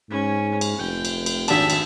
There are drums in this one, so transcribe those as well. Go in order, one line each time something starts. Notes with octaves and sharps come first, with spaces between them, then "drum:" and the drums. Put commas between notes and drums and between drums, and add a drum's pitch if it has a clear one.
G#2 C#4
drum: cymbal
F1 G5
drum: cymbal
drum: cymbal
G#1 D4 E5 A5, drum: cymbal
drum: cymbal